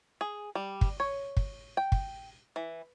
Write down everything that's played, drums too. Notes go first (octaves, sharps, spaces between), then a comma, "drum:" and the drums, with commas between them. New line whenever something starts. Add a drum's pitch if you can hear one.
G#4
G3
drum: kick
C#5
drum: kick
G5
drum: kick
E3